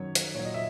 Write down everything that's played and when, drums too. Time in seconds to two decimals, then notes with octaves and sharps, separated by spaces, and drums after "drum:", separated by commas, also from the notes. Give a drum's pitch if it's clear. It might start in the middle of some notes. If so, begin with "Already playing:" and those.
Already playing: F#2 D#3 F#3 C#5
0.15 drum: hi-hat
0.35 A#2 F#3 C#5
0.45 D#5
0.54 E5